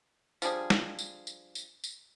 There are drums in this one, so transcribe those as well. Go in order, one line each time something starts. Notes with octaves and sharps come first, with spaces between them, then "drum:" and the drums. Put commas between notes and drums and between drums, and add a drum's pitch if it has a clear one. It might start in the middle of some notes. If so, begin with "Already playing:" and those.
F3 G3 D4 G#4, drum: tambourine
drum: snare
drum: tambourine
drum: tambourine
drum: tambourine
drum: tambourine